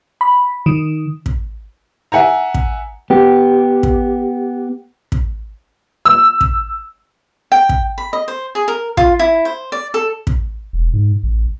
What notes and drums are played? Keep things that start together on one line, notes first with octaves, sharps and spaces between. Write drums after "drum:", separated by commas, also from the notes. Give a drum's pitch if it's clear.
B5
D#3
drum: kick
E5 F#5 G#5 A#5
drum: kick
B3 G4
drum: kick
drum: kick
E6
drum: kick
G5
drum: kick
B5
D#5
C5
G#4
A#4
F4, drum: kick
E4
C5
D5
A4
drum: kick
E1
G#2
A1